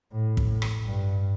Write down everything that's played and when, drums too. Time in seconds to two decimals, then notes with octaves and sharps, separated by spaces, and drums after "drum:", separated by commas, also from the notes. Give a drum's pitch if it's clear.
0.12 A2
0.37 drum: kick
0.62 drum: rim click
0.86 G2